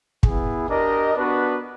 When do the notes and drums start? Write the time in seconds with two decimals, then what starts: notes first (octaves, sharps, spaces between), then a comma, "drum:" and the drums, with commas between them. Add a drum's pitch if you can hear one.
0.23 B3 E4 G#4, drum: kick
0.69 D4 G4 A#4 D#5
1.14 B3 D4 F#4 B4